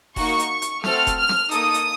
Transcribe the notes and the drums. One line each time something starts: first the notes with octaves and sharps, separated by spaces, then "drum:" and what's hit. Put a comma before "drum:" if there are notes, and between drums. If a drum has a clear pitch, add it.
A#3 D#4 F#4 C#6, drum: kick F1, open hi-hat
drum: hi-hat
drum: hi-hat
A3 C4 F#4 A4 F6, drum: snare
drum: kick F1, hi-hat
F6
drum: snare
A#3 D#4 A4 D#6, drum: hi-hat
drum: hi-hat